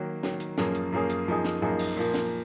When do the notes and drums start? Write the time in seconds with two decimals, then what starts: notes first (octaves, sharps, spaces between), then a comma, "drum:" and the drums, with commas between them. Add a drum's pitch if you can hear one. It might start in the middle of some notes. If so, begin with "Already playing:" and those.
Already playing: D#3 F#3 A#3
0.23 D#3 F#3 A#3, drum: snare
0.40 drum: hi-hat
0.58 F#2 F3 A#3 C#4 G#4, drum: snare
0.75 drum: hi-hat
0.92 F#2 F3 A#3 C#4 G#4
1.10 drum: hi-hat
1.28 F#2 F3 A#3 D#4 G#4
1.44 drum: snare
1.62 F#2 F3 A#3 D#4 G#4
1.79 drum: open hi-hat
1.96 A#2 F3 A#3
2.14 drum: snare